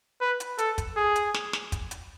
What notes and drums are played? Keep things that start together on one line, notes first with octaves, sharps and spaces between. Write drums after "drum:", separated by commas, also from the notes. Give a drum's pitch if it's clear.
B4
drum: hi-hat
A4, drum: hi-hat
drum: kick, hi-hat
G#4
drum: hi-hat
drum: snare
drum: snare
drum: kick, hi-hat
drum: hi-hat